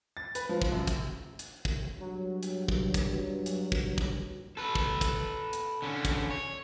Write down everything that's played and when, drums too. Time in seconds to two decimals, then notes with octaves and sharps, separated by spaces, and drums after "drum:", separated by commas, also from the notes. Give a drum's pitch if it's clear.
0.17 A6
0.35 B4, drum: hi-hat
0.49 F3
0.62 drum: kick
0.72 F#2
0.87 drum: kick, hi-hat
1.39 drum: hi-hat
1.65 drum: kick
1.99 G2 F#3
2.43 drum: hi-hat
2.68 drum: kick
2.94 drum: kick, hi-hat
3.46 drum: hi-hat
3.72 drum: kick
3.98 drum: kick
4.57 A4 B4
4.75 drum: kick
5.01 drum: kick, hi-hat
5.53 drum: hi-hat
5.82 D3 C#4
6.05 drum: kick, hi-hat
6.31 C#5